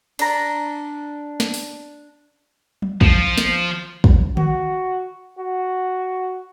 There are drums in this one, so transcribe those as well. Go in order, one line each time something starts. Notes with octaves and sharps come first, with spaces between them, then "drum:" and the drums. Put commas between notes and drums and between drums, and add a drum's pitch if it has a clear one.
D4 A#5, drum: cymbal
drum: snare
drum: open hi-hat
drum: tom F#3
F3, drum: kick
drum: snare
drum: kick
F#4, drum: tom D3
F#4